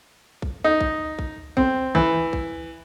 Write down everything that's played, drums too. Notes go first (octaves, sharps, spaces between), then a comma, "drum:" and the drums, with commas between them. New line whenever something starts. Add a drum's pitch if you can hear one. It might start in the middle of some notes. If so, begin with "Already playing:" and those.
drum: kick
D#4
drum: kick
drum: kick
C4, drum: kick
E3, drum: kick
drum: kick